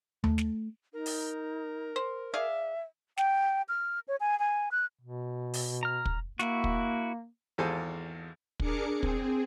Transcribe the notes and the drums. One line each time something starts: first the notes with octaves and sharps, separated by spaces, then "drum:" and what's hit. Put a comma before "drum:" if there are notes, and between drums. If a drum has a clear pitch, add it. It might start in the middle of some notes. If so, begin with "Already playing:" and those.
A3, drum: tom D#2
drum: snare
D#4 A#4
drum: open hi-hat
C5
G#4 D5 E5 F5
G5, drum: snare
F6
C#5
G#5
G#5
F#6
B2
drum: open hi-hat
A#5 F6
drum: kick
A#3 E4 F#4, drum: snare
drum: kick
G#1 E2 A4 C5 F5 G#5
D4 G#4 A#4 D6 C#7, drum: kick
C4 G#4
drum: kick